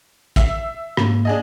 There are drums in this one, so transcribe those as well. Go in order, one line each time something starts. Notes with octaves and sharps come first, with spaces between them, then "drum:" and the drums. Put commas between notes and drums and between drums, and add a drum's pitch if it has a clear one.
E5 E6 C7, drum: kick, hi-hat
G#2 A#3, drum: rim click
D4 G#4 D#5